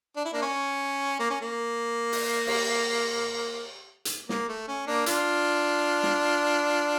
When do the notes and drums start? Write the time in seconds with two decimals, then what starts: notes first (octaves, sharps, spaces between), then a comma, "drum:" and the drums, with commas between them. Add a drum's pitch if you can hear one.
0.16 D4
0.25 E4
0.33 A#3 D4
0.42 C#4
1.19 A#3
1.30 C#4
1.41 A#3
2.12 drum: open hi-hat
2.47 drum: cymbal
4.05 drum: hi-hat
4.29 A#3, drum: snare
4.48 A3
4.68 C#4
4.87 A#3 D4
5.06 D4 F4, drum: hi-hat
6.03 drum: snare